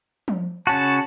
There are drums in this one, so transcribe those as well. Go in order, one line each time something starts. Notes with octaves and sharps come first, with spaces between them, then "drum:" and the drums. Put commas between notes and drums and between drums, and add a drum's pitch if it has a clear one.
drum: tom F3
C#3 C#4 F#4 A5